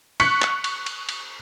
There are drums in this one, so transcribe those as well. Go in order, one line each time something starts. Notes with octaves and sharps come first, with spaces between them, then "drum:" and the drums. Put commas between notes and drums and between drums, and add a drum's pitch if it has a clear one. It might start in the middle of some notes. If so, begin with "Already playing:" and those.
C#6 F#6 B6 C#7, drum: cymbal
drum: clap
drum: cymbal
drum: cymbal
drum: cymbal